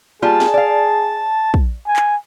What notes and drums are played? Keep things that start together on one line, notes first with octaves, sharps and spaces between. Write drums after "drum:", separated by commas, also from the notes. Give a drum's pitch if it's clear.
G3 A#3 F4 G#4 A5
drum: snare
D5 F5
drum: kick
G#5
drum: clap